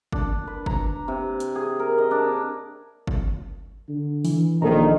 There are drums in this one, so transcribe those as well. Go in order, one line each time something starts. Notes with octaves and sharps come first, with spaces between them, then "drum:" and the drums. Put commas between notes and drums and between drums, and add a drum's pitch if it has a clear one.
D4, drum: kick G1
B4
A#5, drum: kick G1
C3
drum: hi-hat
G#4
A#4
D#5
D4
drum: kick G1
D3
E3, drum: open hi-hat
A#1 D#3 A#3 A4 A#5